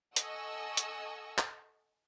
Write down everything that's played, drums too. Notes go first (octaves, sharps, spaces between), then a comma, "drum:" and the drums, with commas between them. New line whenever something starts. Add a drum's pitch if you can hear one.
A4 D#5 F#5 G#5 C#6 E6, drum: hi-hat
drum: hi-hat
drum: clap